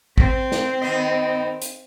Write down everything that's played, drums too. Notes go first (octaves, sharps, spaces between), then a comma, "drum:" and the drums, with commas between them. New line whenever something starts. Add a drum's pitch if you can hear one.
C4, drum: kick
drum: snare
D#3 B3 D#5
drum: hi-hat